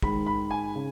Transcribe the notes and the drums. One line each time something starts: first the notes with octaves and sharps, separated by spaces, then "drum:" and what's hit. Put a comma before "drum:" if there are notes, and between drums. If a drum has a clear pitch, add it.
G#2 D#3 G#3 B5, drum: kick
B5
G#5
C#3